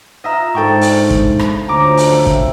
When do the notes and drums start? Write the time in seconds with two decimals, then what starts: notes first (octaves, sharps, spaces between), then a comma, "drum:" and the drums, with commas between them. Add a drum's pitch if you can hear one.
0.24 D#4 F4 D#5 E5 A#5
0.55 G#2 D4 G#4 A4 C5 G5 C#6
0.81 drum: open hi-hat
1.10 drum: kick
1.39 drum: rim click
1.68 D2 C3 F3 C#4 A#5 D6
1.97 drum: open hi-hat
2.12 A3 E5 G5
2.26 drum: kick